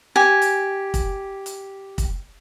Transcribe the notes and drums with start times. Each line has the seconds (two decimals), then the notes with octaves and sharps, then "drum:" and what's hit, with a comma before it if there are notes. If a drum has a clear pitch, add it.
0.16 G4 G#5
0.42 drum: hi-hat
0.94 drum: kick, hi-hat
1.46 drum: hi-hat
1.98 drum: kick, hi-hat